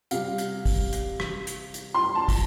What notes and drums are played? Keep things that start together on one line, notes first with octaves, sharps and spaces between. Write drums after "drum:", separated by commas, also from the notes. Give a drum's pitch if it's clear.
C3 G3 F5, drum: hi-hat
drum: hi-hat
drum: kick, open hi-hat
drum: hi-hat
drum: rim click
drum: hi-hat
drum: hi-hat
C6
A5
drum: kick, open hi-hat